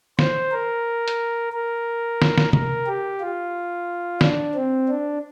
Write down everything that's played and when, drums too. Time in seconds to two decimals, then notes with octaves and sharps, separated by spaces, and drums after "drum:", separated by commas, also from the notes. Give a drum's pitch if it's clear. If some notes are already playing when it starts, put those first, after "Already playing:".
0.19 C5, drum: snare
0.52 A#4
1.08 drum: hi-hat
1.53 A#4
2.22 drum: snare
2.38 drum: snare
2.53 A#4, drum: tom C3
2.87 G4
3.21 F4
4.21 D4, drum: snare
4.55 C4
4.89 D4